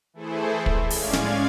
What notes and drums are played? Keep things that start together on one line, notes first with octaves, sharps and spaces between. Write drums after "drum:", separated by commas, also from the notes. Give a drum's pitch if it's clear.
E3 A3 E4 G#4 A4 C5
drum: kick
A2 G#3 C#4 D5 F5 G#6, drum: open hi-hat
drum: snare